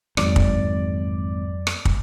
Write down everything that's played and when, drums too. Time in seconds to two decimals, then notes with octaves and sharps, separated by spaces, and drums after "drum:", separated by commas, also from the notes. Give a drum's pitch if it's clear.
0.17 G#1 F2 F#3 D5, drum: rim click
0.36 drum: kick
1.67 drum: rim click
1.85 drum: kick